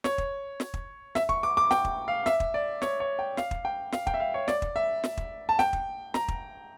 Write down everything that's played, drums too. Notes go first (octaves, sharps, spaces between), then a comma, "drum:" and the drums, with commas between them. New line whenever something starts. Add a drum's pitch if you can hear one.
C#5, drum: snare
drum: kick
drum: snare
drum: kick
E5, drum: snare
C#6, drum: kick
D6
D6
G5, drum: snare
drum: kick
F5
E5, drum: snare
drum: kick
D5
C#5, drum: snare
C#5
G5
F5, drum: snare
drum: kick
G5
F5, drum: snare
G5, drum: kick
E5
F5
C#5
D5, drum: snare
drum: kick
E5
drum: snare
drum: kick
A5
G5, drum: snare
drum: kick
A#5, drum: snare
drum: kick